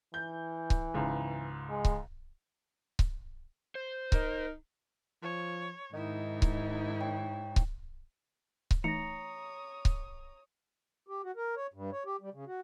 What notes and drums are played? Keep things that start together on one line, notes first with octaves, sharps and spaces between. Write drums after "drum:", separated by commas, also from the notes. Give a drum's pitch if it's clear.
E3 G6
drum: kick C#1
C#2 G#2
G#3
drum: kick C#1
drum: kick C#1
C5
D#4 A#4, drum: kick C#1
F3 C#5
G#2 D#3 D#4 E4 D#5
drum: kick C#1
C#5 G5
drum: kick C#1
drum: kick C#1
E3 A3 D#4 C#5 A#5 D#6 A#6 C#7
drum: kick C#1
G4
F#4
A#4
C#5
G2
C#5
G4
G3
C#3
F#4